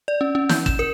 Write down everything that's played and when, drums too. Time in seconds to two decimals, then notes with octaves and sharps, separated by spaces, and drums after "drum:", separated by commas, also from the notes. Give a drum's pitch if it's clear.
0.08 D5
0.21 C#4
0.35 C#4
0.49 G6, drum: snare
0.66 E7, drum: kick
0.79 A#4